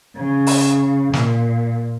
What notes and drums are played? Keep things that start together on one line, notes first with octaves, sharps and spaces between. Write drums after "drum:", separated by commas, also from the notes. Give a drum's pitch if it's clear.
C#3
drum: open hi-hat
A#2, drum: snare